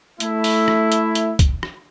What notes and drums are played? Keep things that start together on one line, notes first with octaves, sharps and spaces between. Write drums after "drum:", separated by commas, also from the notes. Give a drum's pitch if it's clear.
A3 E4, drum: hi-hat
drum: open hi-hat
drum: rim click
drum: hi-hat
drum: hi-hat
drum: kick, hi-hat
drum: rim click